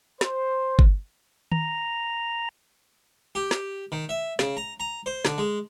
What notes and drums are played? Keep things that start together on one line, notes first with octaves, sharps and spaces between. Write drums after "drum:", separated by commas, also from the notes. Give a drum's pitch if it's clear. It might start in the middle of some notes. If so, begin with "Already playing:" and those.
C5, drum: snare
drum: kick G1
A#5, drum: tom D#3
G4
drum: snare
D#3
E5
C#3, drum: snare
A#5
A#5
C5
D3, drum: snare
G#3